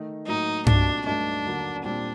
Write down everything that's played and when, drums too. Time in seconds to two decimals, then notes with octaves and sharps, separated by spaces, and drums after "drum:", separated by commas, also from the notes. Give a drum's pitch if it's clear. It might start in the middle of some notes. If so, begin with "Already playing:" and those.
Already playing: D#3 A3 D#4
0.27 A2 F#3 A#3 D#4
0.66 C2 A#2 A3 D4 D#4 F#4, drum: tom G2
1.06 G2 F#3 A3 D4 D#4
1.45 D#2 D3 F#3 A#3
1.84 A#2 G3 C4 D4